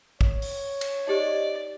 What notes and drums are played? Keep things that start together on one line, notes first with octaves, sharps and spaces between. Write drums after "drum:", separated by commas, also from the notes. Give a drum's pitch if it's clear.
C#5, drum: kick
drum: open hi-hat
drum: cymbal
D#4 G4 C5 D5 D#5